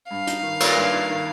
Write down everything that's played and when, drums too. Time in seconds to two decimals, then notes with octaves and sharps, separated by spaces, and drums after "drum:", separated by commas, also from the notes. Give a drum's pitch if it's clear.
0.10 G2 F5
0.27 D#4, drum: hi-hat
0.43 D#3
0.60 A#3, drum: cymbal
0.77 G2
0.93 D#4
1.10 D#3